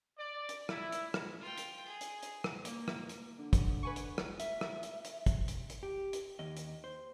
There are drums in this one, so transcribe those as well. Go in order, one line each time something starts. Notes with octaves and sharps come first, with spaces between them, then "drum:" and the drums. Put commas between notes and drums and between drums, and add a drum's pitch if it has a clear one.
D5
drum: hi-hat
E4, drum: rim click
drum: hi-hat
drum: rim click
F4 G5
drum: hi-hat
G#4
drum: hi-hat
drum: hi-hat
drum: rim click
A#3, drum: hi-hat
drum: rim click
drum: hi-hat
D3
drum: kick, hi-hat
B4 G#5 C#6
drum: hi-hat
drum: rim click
E5, drum: hi-hat
drum: rim click
drum: hi-hat
drum: hi-hat
drum: kick, hi-hat
drum: hi-hat
drum: hi-hat
G4
drum: hi-hat
D#2 D#5
drum: hi-hat
C5